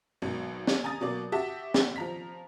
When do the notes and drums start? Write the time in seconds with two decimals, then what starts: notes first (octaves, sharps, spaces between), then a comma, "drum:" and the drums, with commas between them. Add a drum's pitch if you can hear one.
0.22 G#1 B2 F#3
0.67 drum: snare
0.84 G#5 A#5 D#6 A6
1.01 B2 F#3 A#3 D5
1.32 F#4 G4 E5 A5
1.74 drum: snare
1.96 F3 A#5 B6